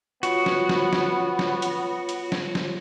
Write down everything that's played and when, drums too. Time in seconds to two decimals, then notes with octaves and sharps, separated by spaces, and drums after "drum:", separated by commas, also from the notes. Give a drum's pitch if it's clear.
0.23 B3 F4 F#4 C#5, drum: hi-hat
0.46 drum: snare
0.69 drum: snare
0.93 drum: snare
1.39 drum: snare
1.62 drum: hi-hat
2.09 drum: hi-hat
2.32 drum: snare
2.55 drum: snare